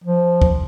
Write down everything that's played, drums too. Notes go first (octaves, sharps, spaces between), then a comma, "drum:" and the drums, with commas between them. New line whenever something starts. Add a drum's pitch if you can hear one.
F3
drum: kick